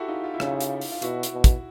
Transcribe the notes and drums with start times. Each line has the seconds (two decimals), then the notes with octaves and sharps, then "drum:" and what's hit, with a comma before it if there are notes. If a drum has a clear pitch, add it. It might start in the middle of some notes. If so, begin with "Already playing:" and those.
Already playing: E4 F#4 G4 A4
0.08 D#4 F4
0.24 F4
0.34 E4
0.40 C#3 D#4 F4, drum: rim click
0.61 drum: hi-hat
0.81 drum: open hi-hat
0.92 F4
1.02 B2 E4 F#4, drum: hi-hat
1.23 drum: hi-hat
1.34 B2
1.44 drum: kick, hi-hat